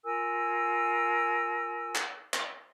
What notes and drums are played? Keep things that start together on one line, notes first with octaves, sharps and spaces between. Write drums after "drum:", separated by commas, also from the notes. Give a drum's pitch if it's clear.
F4 A#4 G#5 E6
drum: clap
drum: clap